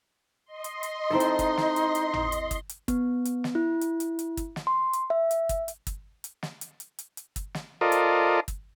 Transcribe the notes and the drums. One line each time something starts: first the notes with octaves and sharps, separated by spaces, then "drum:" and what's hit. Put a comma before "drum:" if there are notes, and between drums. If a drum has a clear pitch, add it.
D#5 C6
drum: hi-hat
drum: hi-hat
C4 D#4 E4 A4
drum: hi-hat
drum: kick, hi-hat
drum: snare
drum: hi-hat
drum: hi-hat
drum: tom
drum: hi-hat
drum: kick, hi-hat
drum: hi-hat
B3, drum: kick, hi-hat
drum: hi-hat
drum: snare
E4
drum: hi-hat
drum: hi-hat
drum: hi-hat
drum: kick, hi-hat
drum: snare
C6
drum: hi-hat
E5
drum: hi-hat
drum: kick, hi-hat
drum: hi-hat
drum: kick, hi-hat
drum: hi-hat
drum: snare
drum: hi-hat
drum: hi-hat
drum: hi-hat
drum: hi-hat
drum: kick, hi-hat
drum: snare
F4 A4 A#4 C5 D5 D#5
drum: hi-hat
drum: kick, hi-hat